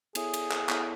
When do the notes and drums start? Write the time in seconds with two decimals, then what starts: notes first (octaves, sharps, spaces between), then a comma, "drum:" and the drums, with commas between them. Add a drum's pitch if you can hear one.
0.15 B3 E4 G#4 A4 C#5 E5, drum: cymbal
0.34 drum: cymbal
0.51 drum: clap
0.69 B3 E4 A4 C#5 E5, drum: clap